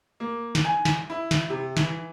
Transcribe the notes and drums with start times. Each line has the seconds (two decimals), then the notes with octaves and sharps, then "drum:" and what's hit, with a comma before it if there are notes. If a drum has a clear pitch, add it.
0.20 A#3
0.55 drum: snare
0.65 G#5
0.85 drum: snare
1.10 E4
1.31 drum: snare
1.50 C3
1.77 E3, drum: snare